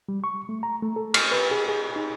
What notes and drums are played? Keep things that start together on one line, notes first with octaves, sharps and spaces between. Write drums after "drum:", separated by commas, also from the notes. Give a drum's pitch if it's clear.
G3
C#6
A3
A#5
A3
A4
F6, drum: cymbal
B4
G#4
G#4
D#4